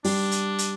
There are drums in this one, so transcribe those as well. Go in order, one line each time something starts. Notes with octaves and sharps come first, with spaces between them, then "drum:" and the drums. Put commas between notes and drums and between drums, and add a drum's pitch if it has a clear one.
G3 D4, drum: open hi-hat
drum: hi-hat
drum: hi-hat